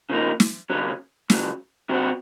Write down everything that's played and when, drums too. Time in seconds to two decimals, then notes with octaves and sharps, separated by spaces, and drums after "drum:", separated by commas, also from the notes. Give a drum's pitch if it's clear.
0.10 C#3 F3 A#3 D#4
0.40 drum: snare
0.70 D#2 C#3 F#3 C#4
1.30 C#2 C#3 F#3, drum: snare
1.89 C3 F#3 C4 F#4